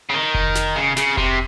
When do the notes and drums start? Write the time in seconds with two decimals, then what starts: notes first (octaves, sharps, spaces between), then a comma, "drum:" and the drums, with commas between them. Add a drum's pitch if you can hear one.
0.09 C#3
0.14 D#3
0.34 drum: kick F1
0.55 drum: snare
0.76 C#3
0.97 C#3, drum: snare
1.17 C3, drum: kick F1